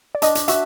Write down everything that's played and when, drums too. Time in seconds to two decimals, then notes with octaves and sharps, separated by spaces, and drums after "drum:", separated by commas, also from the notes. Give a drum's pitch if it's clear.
0.15 D5
0.22 D4 D#5, drum: hi-hat
0.35 drum: hi-hat
0.48 F#4 E5, drum: hi-hat